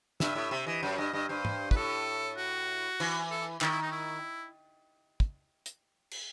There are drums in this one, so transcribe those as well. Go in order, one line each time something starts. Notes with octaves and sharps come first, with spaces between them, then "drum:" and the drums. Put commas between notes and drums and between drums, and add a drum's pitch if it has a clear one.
G2 E5, drum: snare
A2
C3 E5
E3 D#5
F#2 C5
G2 D#5
G2 D#5
G2 C5
drum: tom G#2
B4, drum: kick
A2 A4
F#4
E3, drum: cymbal
A4
D#3 E4, drum: clap
E4
D#4
E4
drum: kick
drum: hi-hat
drum: cymbal